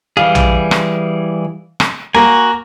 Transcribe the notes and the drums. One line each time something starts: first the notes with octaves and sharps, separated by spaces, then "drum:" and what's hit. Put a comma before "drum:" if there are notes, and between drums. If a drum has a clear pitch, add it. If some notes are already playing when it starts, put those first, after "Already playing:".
E3 G3 G#4 F5
drum: tom A#1
drum: rim click
drum: rim click
A#3 F#4 G#5